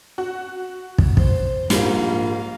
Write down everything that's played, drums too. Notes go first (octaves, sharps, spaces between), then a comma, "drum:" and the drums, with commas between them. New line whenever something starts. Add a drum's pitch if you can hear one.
F#4
drum: kick
C5, drum: kick
A#1 G#2 G3 A#4 F5, drum: snare